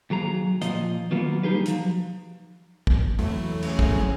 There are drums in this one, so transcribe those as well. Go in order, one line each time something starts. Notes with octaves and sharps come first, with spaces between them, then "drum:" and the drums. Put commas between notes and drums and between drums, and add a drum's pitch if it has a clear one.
D#2 F#3 G#4 A#5
A#2 F3 F4 D#5, drum: hi-hat
D#3 F#3 A#3 B3 F4
G3 D#4 G4 G#4 B4
F3 F#3, drum: hi-hat
drum: kick
E3 F#3 A3, drum: tom E2
C#4 G#4, drum: cymbal
drum: kick
drum: tom